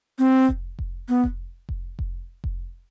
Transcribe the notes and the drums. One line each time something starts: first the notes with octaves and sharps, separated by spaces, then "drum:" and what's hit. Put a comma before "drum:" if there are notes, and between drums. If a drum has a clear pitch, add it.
C4
drum: kick F1
drum: kick F1
B3
drum: kick F1
drum: kick F1
drum: kick F1
drum: kick F1